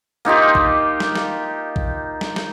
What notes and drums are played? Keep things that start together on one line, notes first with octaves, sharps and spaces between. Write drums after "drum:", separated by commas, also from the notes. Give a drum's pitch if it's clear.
A#3 D#4 F4 G4
drum: kick A#1
drum: snare
drum: snare
drum: kick A#1
drum: snare
drum: snare